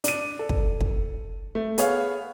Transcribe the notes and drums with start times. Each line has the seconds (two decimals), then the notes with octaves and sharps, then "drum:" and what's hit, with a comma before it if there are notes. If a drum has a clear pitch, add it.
0.04 D4 D#7, drum: hi-hat
0.39 A4
0.49 drum: kick
0.81 drum: kick
1.55 A3
1.78 B3 G#4 C#5 F5, drum: hi-hat